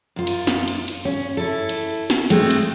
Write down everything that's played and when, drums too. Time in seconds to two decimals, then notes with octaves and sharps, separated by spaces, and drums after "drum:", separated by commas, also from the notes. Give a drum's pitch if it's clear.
0.16 F#2 F4
0.27 drum: cymbal
0.47 drum: snare
0.68 drum: cymbal
0.88 drum: cymbal
1.05 C#4
1.37 E4 A4
1.69 drum: cymbal
2.10 drum: snare
2.30 G#3 A3 C4, drum: cymbal
2.51 drum: cymbal